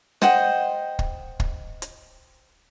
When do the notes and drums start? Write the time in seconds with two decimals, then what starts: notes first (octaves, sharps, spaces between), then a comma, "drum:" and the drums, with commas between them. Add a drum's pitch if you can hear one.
0.22 C5 D#5 F#5 G5, drum: snare
0.99 drum: kick
1.40 drum: kick
1.82 drum: hi-hat